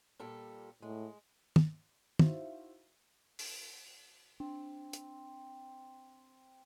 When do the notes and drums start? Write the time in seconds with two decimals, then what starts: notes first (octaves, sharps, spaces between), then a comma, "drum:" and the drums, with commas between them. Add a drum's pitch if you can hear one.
0.19 A#2 G3 A4
0.82 A2 G#3
1.56 drum: tom
2.19 D#4 E4 F#4 C5 E5 F5, drum: tom
3.39 drum: open hi-hat
4.40 C4 D4
4.93 drum: hi-hat